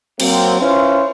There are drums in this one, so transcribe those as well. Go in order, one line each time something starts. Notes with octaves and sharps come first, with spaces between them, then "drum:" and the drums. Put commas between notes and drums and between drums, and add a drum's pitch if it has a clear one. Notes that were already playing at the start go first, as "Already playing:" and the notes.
F#3 A#3 C4, drum: cymbal
C#4 E4 F4 B4 C5